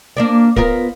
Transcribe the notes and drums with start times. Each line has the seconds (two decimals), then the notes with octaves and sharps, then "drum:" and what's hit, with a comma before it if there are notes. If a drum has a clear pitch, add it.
0.17 A#3 D4 D5
0.56 B3 F4 A#4, drum: kick